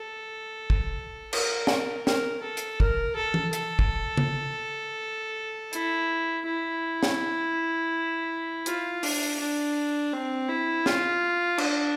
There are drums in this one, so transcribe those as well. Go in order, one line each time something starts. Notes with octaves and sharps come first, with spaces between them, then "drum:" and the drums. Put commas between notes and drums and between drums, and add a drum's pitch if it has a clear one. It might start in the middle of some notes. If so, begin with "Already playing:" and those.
Already playing: A4
drum: kick
A#4, drum: cymbal
drum: snare
A#4, drum: snare
A4
drum: hi-hat
A#4, drum: kick
A4
drum: tom
A4, drum: hi-hat
drum: kick
drum: tom
E4, drum: hi-hat
E4
drum: snare
F4, drum: hi-hat
D4, drum: open hi-hat
D4
C4
E4
F4, drum: snare
D4, drum: cymbal